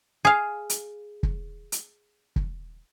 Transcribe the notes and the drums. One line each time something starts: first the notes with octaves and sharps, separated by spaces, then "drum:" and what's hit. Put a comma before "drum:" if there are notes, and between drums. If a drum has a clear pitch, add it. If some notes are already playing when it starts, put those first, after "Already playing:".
G#4 F5
drum: hi-hat
drum: kick
drum: hi-hat
drum: kick